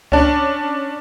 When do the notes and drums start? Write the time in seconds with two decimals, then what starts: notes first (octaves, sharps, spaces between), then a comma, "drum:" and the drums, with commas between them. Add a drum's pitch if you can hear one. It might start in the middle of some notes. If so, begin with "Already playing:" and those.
0.12 C#4 D4, drum: kick C#2